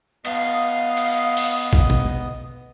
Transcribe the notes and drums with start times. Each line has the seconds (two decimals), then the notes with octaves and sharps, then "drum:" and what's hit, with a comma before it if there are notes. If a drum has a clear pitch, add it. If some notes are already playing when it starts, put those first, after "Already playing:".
0.25 B3 D#5 F5 D#6, drum: cymbal
0.97 drum: cymbal
1.37 drum: open hi-hat
1.73 drum: kick A1
1.90 drum: tom B2